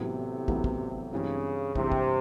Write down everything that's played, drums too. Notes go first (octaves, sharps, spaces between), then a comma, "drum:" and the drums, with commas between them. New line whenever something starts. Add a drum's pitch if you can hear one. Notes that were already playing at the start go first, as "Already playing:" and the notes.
Already playing: A1 A2 C3 F#3 B3 E4
A1 A2 F#3 B3 E4, drum: kick
drum: kick
G2 C#3 E3 G#3 C4
G2 C3 E3 G#3 C4, drum: kick
drum: kick